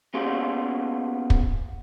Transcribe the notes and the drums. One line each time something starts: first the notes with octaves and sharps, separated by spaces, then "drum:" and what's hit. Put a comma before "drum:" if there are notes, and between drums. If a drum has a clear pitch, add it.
A#3 B3 C#4 F4 G4 G#4
drum: kick